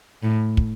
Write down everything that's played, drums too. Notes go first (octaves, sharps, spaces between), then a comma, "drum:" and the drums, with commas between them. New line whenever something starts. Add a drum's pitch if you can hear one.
A2
drum: kick